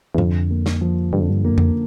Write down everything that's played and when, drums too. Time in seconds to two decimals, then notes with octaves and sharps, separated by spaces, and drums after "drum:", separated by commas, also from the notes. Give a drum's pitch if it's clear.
0.15 E2
0.18 F2 D3, drum: tom G#2
0.50 A#3
0.66 drum: snare
0.81 F3
1.13 G2 D3
1.21 F2
1.30 G2
1.44 F2 A#3
1.52 G2
1.58 F2, drum: tom F2